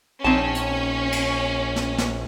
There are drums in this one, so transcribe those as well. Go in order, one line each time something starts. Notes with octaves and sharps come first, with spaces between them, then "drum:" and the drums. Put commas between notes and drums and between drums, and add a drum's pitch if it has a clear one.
A#1 C4 C#4 D#4 A5
drum: hi-hat
drum: cymbal
drum: snare
drum: snare